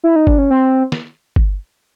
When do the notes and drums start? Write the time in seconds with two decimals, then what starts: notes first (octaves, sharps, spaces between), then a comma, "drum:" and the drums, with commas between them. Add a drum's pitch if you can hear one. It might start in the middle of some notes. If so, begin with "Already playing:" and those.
0.04 E4
0.16 D#4
0.27 D4, drum: kick G1
0.38 C#4
0.50 C4
0.92 drum: snare
1.36 drum: kick G1